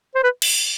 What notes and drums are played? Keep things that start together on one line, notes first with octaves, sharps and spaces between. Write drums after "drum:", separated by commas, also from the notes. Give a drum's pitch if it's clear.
C5
B4
drum: cymbal